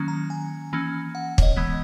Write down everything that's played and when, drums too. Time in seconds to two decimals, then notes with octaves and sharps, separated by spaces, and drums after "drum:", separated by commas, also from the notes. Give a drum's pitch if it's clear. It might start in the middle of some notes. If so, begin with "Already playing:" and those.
Already playing: D#3 F#3 A#3 C#4
0.08 A#5
0.30 G#5
0.73 E3 A#3 C#4
1.15 F#5
1.38 C#5, drum: kick
1.42 D#5
1.56 E3 G#3 B3